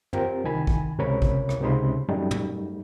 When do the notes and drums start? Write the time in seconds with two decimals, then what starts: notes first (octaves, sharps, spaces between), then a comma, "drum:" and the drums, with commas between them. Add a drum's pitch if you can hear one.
0.13 C4 F4 G4 A#4, drum: tom
0.44 C2 D#3 G#5 B5
0.67 drum: kick
0.99 C#2 C3 A#4 C#5 B5
1.22 drum: kick
1.49 drum: rim click
1.60 C#2 C3 D#4 B5 C6
2.08 F#2 G3 A3 D#4
2.31 drum: tom